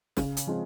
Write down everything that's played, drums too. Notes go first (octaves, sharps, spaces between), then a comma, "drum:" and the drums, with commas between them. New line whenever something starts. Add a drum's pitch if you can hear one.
C#3, drum: snare
drum: hi-hat
F3 G#3 C4